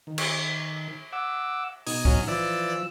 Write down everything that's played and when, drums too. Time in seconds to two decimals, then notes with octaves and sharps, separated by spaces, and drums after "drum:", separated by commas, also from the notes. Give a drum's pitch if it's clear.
0.07 D#3
0.18 drum: cymbal
1.13 F#5 D6 E6
1.87 B2 D#4 D#6 G#6, drum: open hi-hat
2.05 F#3 C#4, drum: kick C2
2.27 E3 F3 D5 E6